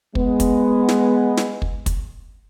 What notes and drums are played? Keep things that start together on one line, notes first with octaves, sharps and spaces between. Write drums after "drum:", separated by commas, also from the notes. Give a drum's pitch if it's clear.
G#3 B3, drum: kick
drum: kick, hi-hat
drum: snare
drum: snare
drum: kick
drum: kick, hi-hat